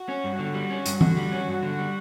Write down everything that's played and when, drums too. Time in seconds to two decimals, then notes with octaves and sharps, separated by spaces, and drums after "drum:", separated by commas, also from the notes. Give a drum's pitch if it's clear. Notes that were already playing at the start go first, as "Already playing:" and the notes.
Already playing: F#4
0.09 C#4
0.24 G2
0.39 D3
0.54 G3
0.70 C#4
0.86 G2, drum: hi-hat
1.01 D3, drum: tom E3
1.17 G3
1.32 C#4
1.48 G2
1.63 D3
1.79 G3